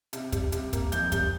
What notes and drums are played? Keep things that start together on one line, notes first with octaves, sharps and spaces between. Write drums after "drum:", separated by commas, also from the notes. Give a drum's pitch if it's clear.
C3, drum: hi-hat
G3, drum: kick, hi-hat
C3, drum: hi-hat
A#3, drum: kick, hi-hat
F2 G6, drum: hi-hat
G3 G6, drum: kick, hi-hat